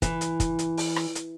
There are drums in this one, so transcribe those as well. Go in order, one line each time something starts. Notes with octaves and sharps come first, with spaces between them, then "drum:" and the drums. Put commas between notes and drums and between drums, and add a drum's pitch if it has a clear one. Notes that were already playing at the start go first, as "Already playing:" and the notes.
E3, drum: kick, hi-hat
drum: hi-hat
drum: kick, hi-hat
drum: hi-hat
drum: open hi-hat
drum: rim click
drum: hi-hat